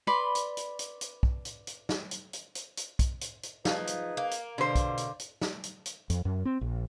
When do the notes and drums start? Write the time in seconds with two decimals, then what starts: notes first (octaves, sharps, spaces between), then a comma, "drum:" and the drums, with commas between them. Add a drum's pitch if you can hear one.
0.07 B4 D5 B5 C6
0.35 drum: hi-hat
0.57 drum: hi-hat
0.79 drum: hi-hat
1.01 drum: hi-hat
1.23 drum: kick
1.45 drum: hi-hat
1.67 drum: hi-hat
1.89 drum: snare
2.11 drum: hi-hat
2.33 drum: hi-hat
2.55 drum: hi-hat
2.77 drum: hi-hat
2.99 drum: kick, hi-hat
3.21 drum: hi-hat
3.43 drum: hi-hat
3.65 F3 D#4 G#4 B4, drum: snare
3.87 drum: hi-hat
4.17 A#3
4.31 drum: hi-hat
4.58 B2 D3 C5
4.75 drum: kick, hi-hat
4.97 drum: hi-hat
5.19 drum: hi-hat
5.41 drum: snare
5.63 drum: hi-hat
5.86 drum: hi-hat
6.10 F2, drum: hi-hat
6.25 F#2
6.45 C4
6.61 A#1